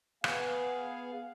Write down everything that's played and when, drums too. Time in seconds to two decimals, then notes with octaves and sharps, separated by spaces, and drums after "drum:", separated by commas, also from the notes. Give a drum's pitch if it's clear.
0.24 B3 G#4 F5, drum: rim click